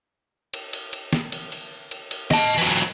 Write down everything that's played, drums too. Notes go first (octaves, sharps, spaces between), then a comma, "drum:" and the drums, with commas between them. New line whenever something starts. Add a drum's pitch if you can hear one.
drum: cymbal
drum: cymbal
drum: cymbal
drum: snare
drum: cymbal
drum: cymbal
drum: cymbal
drum: cymbal
D#5 A5, drum: snare
E3 F#3
drum: cymbal